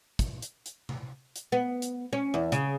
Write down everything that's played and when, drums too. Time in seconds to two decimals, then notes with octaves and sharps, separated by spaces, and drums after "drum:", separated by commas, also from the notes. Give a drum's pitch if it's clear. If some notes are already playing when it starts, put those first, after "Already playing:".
0.19 drum: kick, hi-hat
0.42 drum: hi-hat
0.66 drum: hi-hat
0.89 drum: tom C3
1.36 drum: hi-hat
1.52 B3
1.82 drum: hi-hat
2.13 C#4
2.34 E2
2.52 C#3, drum: hi-hat